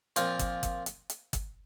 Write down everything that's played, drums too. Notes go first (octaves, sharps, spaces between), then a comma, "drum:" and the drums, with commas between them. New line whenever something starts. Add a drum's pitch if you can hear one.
A#2 F3 C4 F4 A#4, drum: hi-hat
drum: kick G1, hi-hat
drum: kick G1, hi-hat
drum: hi-hat
drum: hi-hat
drum: kick G1, hi-hat